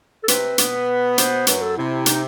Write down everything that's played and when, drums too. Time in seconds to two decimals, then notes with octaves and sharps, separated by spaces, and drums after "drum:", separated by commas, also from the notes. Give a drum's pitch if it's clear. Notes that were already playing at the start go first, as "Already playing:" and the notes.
0.23 A4
0.28 C3 C4 B4, drum: hi-hat
0.58 B2 B3, drum: hi-hat
1.18 C5, drum: hi-hat
1.47 F#2 F#3 B4, drum: hi-hat
1.61 A4
1.77 C3 E4
2.06 D#4, drum: hi-hat